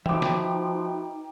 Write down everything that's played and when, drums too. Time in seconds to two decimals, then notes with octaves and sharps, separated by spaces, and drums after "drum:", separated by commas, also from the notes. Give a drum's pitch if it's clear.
0.06 F3 D#4 F#4 B4 E5 G5 D6, drum: tom
0.22 drum: snare